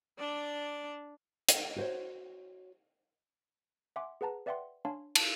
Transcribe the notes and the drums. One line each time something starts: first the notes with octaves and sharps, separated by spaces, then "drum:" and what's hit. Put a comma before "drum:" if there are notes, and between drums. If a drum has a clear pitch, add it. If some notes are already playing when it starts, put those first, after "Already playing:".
D4 D5
drum: hi-hat
F#4 C5 C#5
E5 F#5 G#5 C6 D6
G#4 B4 F#5 A5 A#5
B4 D5 E5 F#5 G5 C6
D4 C#5 F5 G#5 A5 C6
A5, drum: cymbal